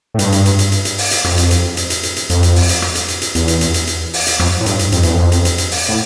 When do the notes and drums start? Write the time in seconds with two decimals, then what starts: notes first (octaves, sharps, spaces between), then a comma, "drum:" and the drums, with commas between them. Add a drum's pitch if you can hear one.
0.14 A2
0.19 G2, drum: hi-hat
0.32 drum: hi-hat
0.46 drum: hi-hat
0.59 drum: hi-hat
0.72 drum: hi-hat
0.85 drum: hi-hat
0.98 drum: open hi-hat
1.11 drum: hi-hat
1.24 F2, drum: rim click
1.38 drum: hi-hat
1.51 drum: hi-hat
1.77 drum: hi-hat
1.90 drum: hi-hat
2.03 drum: hi-hat
2.16 drum: hi-hat
2.30 F2, drum: hi-hat
2.43 drum: hi-hat
2.56 drum: open hi-hat
2.69 drum: hi-hat
2.82 drum: rim click
2.95 drum: hi-hat
3.08 drum: hi-hat
3.22 drum: hi-hat
3.35 E2, drum: hi-hat
3.48 drum: hi-hat
3.61 drum: hi-hat
3.74 drum: hi-hat
3.87 drum: hi-hat
4.13 drum: open hi-hat
4.27 drum: hi-hat
4.39 F2, drum: rim click
4.61 A2
4.66 G2, drum: hi-hat
4.79 drum: hi-hat
4.92 F2, drum: hi-hat
5.03 E2, drum: hi-hat
5.13 F2
5.32 drum: hi-hat
5.45 drum: hi-hat
5.58 drum: hi-hat
5.71 drum: open hi-hat
5.88 A2